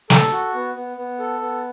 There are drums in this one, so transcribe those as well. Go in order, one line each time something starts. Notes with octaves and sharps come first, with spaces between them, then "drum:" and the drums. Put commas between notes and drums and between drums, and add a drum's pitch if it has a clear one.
A4, drum: snare
F#4
B3
B3
B3
A4
B3